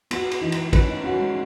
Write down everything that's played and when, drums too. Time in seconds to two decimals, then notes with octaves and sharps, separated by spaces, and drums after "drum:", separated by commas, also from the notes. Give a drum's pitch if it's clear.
0.11 B3 F#4, drum: cymbal
0.31 drum: cymbal
0.41 E3 D#4
0.52 drum: cymbal
0.73 C#4 B4, drum: kick, cymbal
0.88 D#4
1.04 C#4 F#4
1.20 G#3